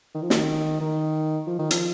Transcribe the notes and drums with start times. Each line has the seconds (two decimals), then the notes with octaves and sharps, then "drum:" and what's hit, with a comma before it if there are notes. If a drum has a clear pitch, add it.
0.14 D#3
0.22 F3
0.30 D#3, drum: snare
0.80 D#3
1.47 F3
1.59 D#3
1.71 F3, drum: hi-hat